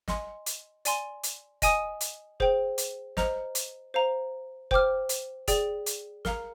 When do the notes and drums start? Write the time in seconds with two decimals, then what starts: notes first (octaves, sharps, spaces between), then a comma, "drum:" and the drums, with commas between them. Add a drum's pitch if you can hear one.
0.08 D#5 G#5 C6, drum: snare
0.46 drum: hi-hat
0.85 D5 G#5 C6, drum: hi-hat
1.24 drum: hi-hat
1.62 D#5 G#5 D#6, drum: kick, hi-hat
2.01 drum: hi-hat
2.40 G#4 C5 G5, drum: kick
2.78 drum: hi-hat
3.17 C5 D#5 A#5 F6, drum: snare
3.55 drum: hi-hat
3.94 C5 F5 A#5
4.71 C5 G5 D6 F6, drum: kick
5.09 drum: hi-hat
5.48 G#4 D5 G5, drum: kick, hi-hat
5.86 drum: hi-hat
6.25 A#4 F5 A#5, drum: snare